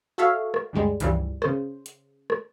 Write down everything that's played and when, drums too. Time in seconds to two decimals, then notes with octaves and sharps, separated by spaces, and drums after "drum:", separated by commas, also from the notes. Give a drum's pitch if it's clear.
0.18 F#4 A4 C#5 E5 F5
0.54 drum: rim click
0.73 D2 G2 G3 G#3
1.00 C#2 G2 E3 F3 G3, drum: hi-hat
1.42 C#3 C5, drum: rim click
1.86 drum: hi-hat
2.30 drum: rim click